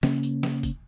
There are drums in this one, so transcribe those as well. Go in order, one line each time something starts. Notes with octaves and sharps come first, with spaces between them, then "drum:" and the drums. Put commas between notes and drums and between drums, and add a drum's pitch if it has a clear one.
C#3 A#3 C#4, drum: snare
drum: tambourine
drum: snare
drum: kick, tambourine